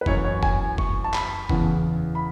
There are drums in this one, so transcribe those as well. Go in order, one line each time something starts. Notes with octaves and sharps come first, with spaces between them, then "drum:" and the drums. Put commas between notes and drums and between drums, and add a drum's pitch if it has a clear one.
B4
F#2 E3 C#5, drum: kick F1
C#5
G#5, drum: kick F1
C#6, drum: kick F1
A5
B5, drum: clap
E2 C#3 E3, drum: kick F1
B5